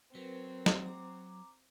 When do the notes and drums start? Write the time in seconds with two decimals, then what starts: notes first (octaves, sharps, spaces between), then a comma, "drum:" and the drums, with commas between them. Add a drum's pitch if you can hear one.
0.15 F#3 C4 A#4 B4
0.66 drum: snare
0.86 A#5 D6